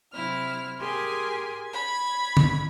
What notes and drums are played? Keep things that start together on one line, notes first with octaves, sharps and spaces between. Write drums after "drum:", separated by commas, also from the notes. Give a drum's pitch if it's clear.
C3 F#3 C4 E4 F6
G4 G#4 A#4 G#5 C6
B5 G#6
drum: tom D3